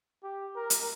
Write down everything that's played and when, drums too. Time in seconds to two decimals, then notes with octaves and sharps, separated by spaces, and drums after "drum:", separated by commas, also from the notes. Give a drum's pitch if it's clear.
0.23 G4
0.56 A#4
0.70 drum: hi-hat